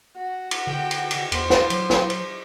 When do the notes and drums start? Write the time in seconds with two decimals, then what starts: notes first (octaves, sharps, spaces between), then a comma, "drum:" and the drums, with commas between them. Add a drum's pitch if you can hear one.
0.17 F#4
0.51 drum: cymbal
0.67 D3 G5
0.91 drum: cymbal
1.11 drum: cymbal
1.32 E2 C5, drum: cymbal
1.50 drum: snare
1.70 F#3, drum: cymbal
1.90 drum: snare
2.10 drum: cymbal